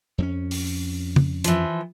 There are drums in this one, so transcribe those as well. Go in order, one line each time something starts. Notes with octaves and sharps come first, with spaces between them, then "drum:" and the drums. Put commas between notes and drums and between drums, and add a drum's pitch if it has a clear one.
F2 C4 C#4
drum: open hi-hat
drum: tom
E3 F3, drum: hi-hat